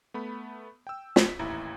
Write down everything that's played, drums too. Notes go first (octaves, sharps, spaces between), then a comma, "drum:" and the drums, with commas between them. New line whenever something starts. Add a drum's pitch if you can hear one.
A3 B3 B5
G5 E6
B6, drum: snare
A1 D#2 E4 A#5 G#6